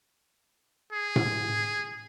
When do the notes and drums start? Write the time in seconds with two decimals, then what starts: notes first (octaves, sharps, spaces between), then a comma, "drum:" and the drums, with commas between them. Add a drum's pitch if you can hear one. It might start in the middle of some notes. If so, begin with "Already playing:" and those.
0.93 G#4
1.16 drum: tom A2